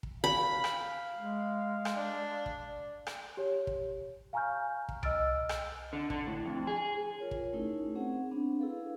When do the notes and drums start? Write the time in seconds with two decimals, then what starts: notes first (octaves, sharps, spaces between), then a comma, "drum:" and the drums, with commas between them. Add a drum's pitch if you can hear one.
0.03 drum: kick
0.24 F5 B5
0.64 drum: rim click
1.17 G#3
1.85 drum: rim click
1.95 D4
2.46 drum: kick
3.07 drum: rim click
3.37 G4 C#5
3.67 drum: kick
4.33 F5 G#5 A#5 C#6 F6 G6
4.89 drum: kick
5.03 D#5 E6 F6 A6 D7, drum: tom C2
5.49 drum: rim click
5.93 D3
6.10 D3, drum: kick
6.27 A2
6.46 F2
6.67 G#4
7.20 F4 A#4 C#5
7.31 drum: kick
7.53 A3 C#4 D#4 E4 G#4 A#4
7.95 C4 C#4 G#4 C5 F#5
8.31 B3 C4 D4
8.59 E4 G#4 A4 B4 F5